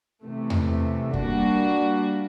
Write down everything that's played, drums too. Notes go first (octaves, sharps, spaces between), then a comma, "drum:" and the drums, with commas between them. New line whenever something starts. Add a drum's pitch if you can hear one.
C3 E3 A3
drum: tom E2
G3 A#3 D4 F#4, drum: kick